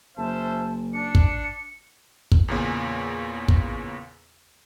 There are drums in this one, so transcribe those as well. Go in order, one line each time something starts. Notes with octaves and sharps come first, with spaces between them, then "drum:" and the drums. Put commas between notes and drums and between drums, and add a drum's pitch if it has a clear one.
F#1 C#4 C5 E5 A5
D4 C#7
drum: kick
drum: kick
E2 A#2 C#3
drum: kick